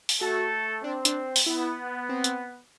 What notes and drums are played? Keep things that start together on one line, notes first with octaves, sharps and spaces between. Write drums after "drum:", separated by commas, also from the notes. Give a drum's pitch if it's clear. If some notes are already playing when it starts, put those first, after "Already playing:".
drum: open hi-hat
A3 F#4 A4
C4 D4
D4, drum: hi-hat
drum: open hi-hat
B3 E4
C4
drum: hi-hat